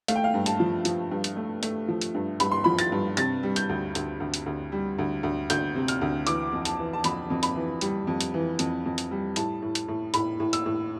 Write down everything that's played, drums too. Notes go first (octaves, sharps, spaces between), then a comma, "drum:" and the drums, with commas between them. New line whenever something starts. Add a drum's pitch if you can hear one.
A3 F5, drum: hi-hat
G5
F5
G2
A5, drum: hi-hat
F3
F3, drum: hi-hat
G2
drum: hi-hat
A3
A3, drum: hi-hat
F3
drum: hi-hat
G2
G2 B5, drum: hi-hat
C6
F3 B5
A6, drum: hi-hat
G2
C3 A6, drum: hi-hat
G3
G6, drum: hi-hat
D2
D2, drum: hi-hat
D2
drum: hi-hat
D2
G3
D2
D2
D2 G6, drum: hi-hat
C3
F6, drum: hi-hat
D2
E3 D6, drum: hi-hat
F2
A5, drum: hi-hat
E3
A5
F2 B5, drum: hi-hat
F2
B5, drum: hi-hat
E3
G3, drum: hi-hat
F2
drum: hi-hat
E3
F2, drum: hi-hat
F2
drum: hi-hat
G3
A2 A5, drum: hi-hat
A2
drum: hi-hat
A2
A2 B5, drum: hi-hat
A2
E6, drum: hi-hat
A2